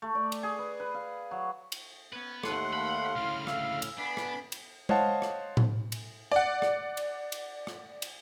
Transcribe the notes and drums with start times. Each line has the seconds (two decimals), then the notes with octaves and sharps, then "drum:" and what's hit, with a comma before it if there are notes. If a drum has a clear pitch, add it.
0.02 A3
0.15 D5
0.32 drum: cymbal
0.43 G#4
0.59 B4
0.80 B4
0.94 F5
1.31 F#3
1.72 drum: cymbal
2.13 B3 C#4 B4
2.44 D#2 A3 F#5 C6, drum: rim click
2.73 F5 B5
3.16 D2 A2 C#3 F6
3.47 E5 F5, drum: rim click
3.82 drum: cymbal
3.99 B3 D4 G#5 B5
4.17 drum: rim click
4.52 drum: cymbal
4.89 C5 C#5 D#5 F5 F#5 A5, drum: tom G#3
5.22 drum: rim click
5.57 drum: tom A2
5.92 drum: cymbal
6.32 D5 F#5
6.62 drum: rim click
6.97 drum: cymbal
7.32 drum: cymbal
7.67 drum: rim click
8.02 drum: cymbal